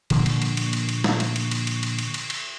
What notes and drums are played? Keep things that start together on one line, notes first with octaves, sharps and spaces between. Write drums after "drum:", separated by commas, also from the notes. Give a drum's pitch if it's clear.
A#2 D3 F3 A#3, drum: cymbal
drum: cymbal
drum: cymbal
drum: cymbal
drum: cymbal
drum: cymbal
drum: snare
drum: cymbal
drum: cymbal
drum: cymbal
drum: cymbal
drum: cymbal
drum: cymbal
drum: cymbal
drum: cymbal